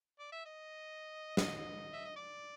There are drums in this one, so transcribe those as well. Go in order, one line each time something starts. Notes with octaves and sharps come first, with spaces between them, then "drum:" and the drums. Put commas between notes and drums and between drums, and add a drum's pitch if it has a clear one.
D5
E5
D#5
D#5, drum: snare
D#5
E5
D#5
D5